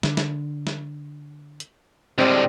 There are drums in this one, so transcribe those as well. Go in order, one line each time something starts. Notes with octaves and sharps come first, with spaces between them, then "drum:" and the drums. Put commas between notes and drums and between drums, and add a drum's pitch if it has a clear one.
D3, drum: snare
drum: snare
drum: snare
drum: hi-hat
D2 A2 G3 G#3 C4